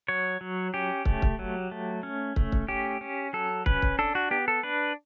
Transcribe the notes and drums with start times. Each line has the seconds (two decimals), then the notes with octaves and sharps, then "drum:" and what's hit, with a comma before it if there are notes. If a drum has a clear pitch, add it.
0.08 F#3 C#5
0.41 F#3
0.74 C#4 G4
1.05 A3, drum: kick
1.22 drum: kick
1.39 F#3
1.71 A3
2.03 C#4
2.36 A3, drum: kick
2.52 drum: kick
2.68 C#4 G4
3.01 C#4
3.33 F#3 A4
3.66 C#4 B4, drum: kick
3.82 drum: kick
3.99 D4 A4
4.15 F#4
4.31 B3 G4
4.48 A4
4.63 D4 B4